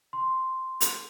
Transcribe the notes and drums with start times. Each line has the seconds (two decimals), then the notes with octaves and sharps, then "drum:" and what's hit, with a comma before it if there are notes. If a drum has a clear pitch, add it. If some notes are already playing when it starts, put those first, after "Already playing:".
0.13 C6
0.81 drum: hi-hat